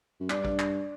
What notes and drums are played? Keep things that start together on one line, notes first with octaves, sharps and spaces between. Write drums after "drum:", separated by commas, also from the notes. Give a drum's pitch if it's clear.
F#2
G2 D4, drum: clap
drum: kick
drum: clap